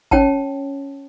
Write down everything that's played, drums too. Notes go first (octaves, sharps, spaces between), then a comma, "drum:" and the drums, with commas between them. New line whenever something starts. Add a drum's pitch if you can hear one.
C#4 C#5 G5 A5, drum: kick